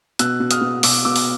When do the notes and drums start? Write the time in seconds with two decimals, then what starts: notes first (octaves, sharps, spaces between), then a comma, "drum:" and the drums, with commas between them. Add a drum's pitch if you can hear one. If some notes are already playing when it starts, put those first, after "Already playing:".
0.19 B2 E6 F#6, drum: hi-hat
0.40 B2
0.51 D#6 F6, drum: hi-hat
0.61 B2
0.83 B2 D6 E6, drum: open hi-hat
1.05 B2 D6 E6
1.16 drum: open hi-hat